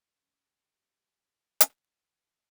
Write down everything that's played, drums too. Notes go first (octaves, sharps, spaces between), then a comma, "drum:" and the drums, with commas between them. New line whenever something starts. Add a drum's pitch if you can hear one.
G#3 C#4 G4
drum: hi-hat